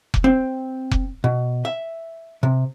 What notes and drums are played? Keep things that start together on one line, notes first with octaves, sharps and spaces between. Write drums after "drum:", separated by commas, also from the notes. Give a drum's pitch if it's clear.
drum: kick F1
C4
drum: kick F1
B2
E5
C3